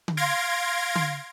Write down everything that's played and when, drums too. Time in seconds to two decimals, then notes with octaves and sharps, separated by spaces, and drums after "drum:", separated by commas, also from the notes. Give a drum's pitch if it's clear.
0.08 drum: tom D3
0.17 F5 C6 G#6 A#6 D7
0.95 drum: tom D3